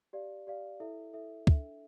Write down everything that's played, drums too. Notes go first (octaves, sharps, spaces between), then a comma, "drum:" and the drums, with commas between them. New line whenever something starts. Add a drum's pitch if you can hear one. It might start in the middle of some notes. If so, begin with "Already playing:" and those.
G4 D5 F5
G4 D5 F5
E4 A4 E5
E4 A4 E5
D4 A4 E5, drum: kick